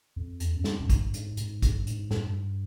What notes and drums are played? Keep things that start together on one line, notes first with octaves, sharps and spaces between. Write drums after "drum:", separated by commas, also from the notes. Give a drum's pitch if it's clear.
F2
E2, drum: hi-hat
F#2
F2, drum: snare
F#2
G2, drum: kick, hi-hat
G#2, drum: hi-hat
G#2, drum: hi-hat
G2, drum: kick, hi-hat
G#2, drum: hi-hat
G2, drum: snare
G#2
G2